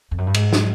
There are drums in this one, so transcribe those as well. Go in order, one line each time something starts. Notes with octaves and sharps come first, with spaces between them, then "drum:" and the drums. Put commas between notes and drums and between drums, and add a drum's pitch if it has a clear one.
F2
F#2
G2
G#2, drum: cymbal
drum: snare